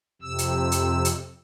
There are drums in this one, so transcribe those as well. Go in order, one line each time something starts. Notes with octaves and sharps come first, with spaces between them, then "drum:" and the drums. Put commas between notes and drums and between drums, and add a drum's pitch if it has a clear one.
F2 C3 E6
drum: hi-hat
drum: hi-hat
drum: hi-hat